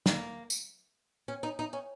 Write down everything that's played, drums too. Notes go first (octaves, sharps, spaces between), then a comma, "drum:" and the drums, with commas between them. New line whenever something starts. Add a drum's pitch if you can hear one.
A#3, drum: snare
drum: tambourine
C#4
D#4
D#4
C#4